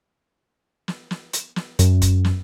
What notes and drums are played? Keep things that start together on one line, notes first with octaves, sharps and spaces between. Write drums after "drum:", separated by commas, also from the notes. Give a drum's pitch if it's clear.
drum: snare
drum: snare
drum: hi-hat
drum: snare
F#2, drum: hi-hat
drum: kick F1, hi-hat
drum: snare